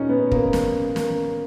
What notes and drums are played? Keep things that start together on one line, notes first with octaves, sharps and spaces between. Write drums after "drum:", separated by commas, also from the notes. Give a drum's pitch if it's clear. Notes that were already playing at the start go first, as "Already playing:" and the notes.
Already playing: A#2 C#4 D#4
B3
A#3, drum: kick
drum: snare
A#3, drum: snare